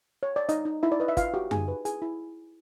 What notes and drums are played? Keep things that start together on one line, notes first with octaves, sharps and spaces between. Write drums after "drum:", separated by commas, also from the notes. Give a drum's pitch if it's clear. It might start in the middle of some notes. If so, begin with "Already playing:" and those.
C#5
D5
D#4 D#5, drum: hi-hat
D#4
D#4 E4 E5
D5
B4 D#5
E5
F4 B4 F5, drum: kick, hi-hat
F#4 G4 G5
D#4 G#4 G#5, drum: tom F#2
B4
E4 G#4 G#5, drum: hi-hat
E4